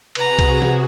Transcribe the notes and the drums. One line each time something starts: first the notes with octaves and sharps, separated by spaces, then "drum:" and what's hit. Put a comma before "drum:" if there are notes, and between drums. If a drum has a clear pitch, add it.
C3 F#4 G#4 B4 A#5, drum: cymbal
drum: kick C2, cymbal
drum: snare F3